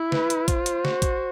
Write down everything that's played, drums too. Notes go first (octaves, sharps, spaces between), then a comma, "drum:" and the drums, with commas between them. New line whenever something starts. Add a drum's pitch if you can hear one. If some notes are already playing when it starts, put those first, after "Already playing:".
Already playing: E4
B4, drum: snare
drum: hi-hat
F4 C5, drum: kick, hi-hat
drum: hi-hat
F#4, drum: snare
drum: kick, hi-hat